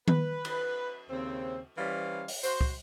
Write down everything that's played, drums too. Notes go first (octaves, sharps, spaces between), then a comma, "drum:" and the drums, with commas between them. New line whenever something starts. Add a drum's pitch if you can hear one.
B4, drum: tom D#3
drum: cymbal
D#2 C#3 C4
E3 G3 C#4 C5 F5
drum: open hi-hat
F#4 C5, drum: tambourine
drum: kick